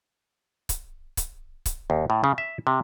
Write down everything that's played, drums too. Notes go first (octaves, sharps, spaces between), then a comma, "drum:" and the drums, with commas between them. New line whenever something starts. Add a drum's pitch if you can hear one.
drum: kick C#1, hi-hat
drum: kick C#1, hi-hat
drum: kick C#1, hi-hat
D#2
A2
C#3
E5
C3